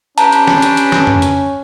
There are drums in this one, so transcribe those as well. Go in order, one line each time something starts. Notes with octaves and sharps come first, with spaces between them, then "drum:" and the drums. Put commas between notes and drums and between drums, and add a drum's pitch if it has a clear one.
C#4 D4 G4 B4 A5 A#5, drum: hi-hat
drum: hi-hat
drum: snare
drum: hi-hat
drum: hi-hat
drum: snare
drum: tom F2
drum: hi-hat